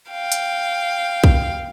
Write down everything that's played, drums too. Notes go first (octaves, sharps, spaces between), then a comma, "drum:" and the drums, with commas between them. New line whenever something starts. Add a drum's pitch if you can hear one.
F5 G5
drum: hi-hat
drum: kick